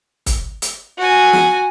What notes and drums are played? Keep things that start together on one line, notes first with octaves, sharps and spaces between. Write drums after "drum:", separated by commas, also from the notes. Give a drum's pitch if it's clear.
drum: kick, hi-hat
drum: hi-hat
F#4 G#5
drum: snare